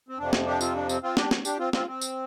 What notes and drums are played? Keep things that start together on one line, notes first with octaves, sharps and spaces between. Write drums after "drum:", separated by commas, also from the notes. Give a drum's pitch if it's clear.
C4
F2 C3 F3 D4
drum: snare
D4 G4
C4 F4, drum: tambourine
D4
C4, drum: tambourine
C4 F4
D4 G4, drum: snare
drum: snare
D4 G4, drum: tambourine
C4 F4
C4 F4, drum: snare
C4
drum: tambourine